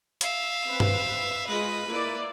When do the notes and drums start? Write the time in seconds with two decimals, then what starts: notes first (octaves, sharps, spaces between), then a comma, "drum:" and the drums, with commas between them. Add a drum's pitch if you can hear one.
0.21 E5 F5, drum: hi-hat
0.67 C4 B4
0.80 drum: tom G2
1.47 G#3 F4 B4 D#5
1.88 A#3 E4 D5